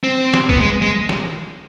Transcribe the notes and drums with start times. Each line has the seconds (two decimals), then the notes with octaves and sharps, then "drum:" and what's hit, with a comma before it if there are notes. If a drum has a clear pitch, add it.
0.04 C4
0.34 drum: snare
0.49 B3, drum: kick
0.61 G#3
0.82 G#3
1.09 drum: snare